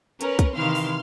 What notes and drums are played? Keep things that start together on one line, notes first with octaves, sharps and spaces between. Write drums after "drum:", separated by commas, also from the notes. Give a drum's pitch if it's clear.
C#4 A#4 B4, drum: hi-hat
drum: kick, hi-hat
C3 D#3 E3 F5 C6 F6
drum: open hi-hat